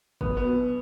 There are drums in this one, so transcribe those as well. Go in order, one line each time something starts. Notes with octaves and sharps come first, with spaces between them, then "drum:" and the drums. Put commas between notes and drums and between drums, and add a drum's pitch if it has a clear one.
B1 B3, drum: kick
B3
B2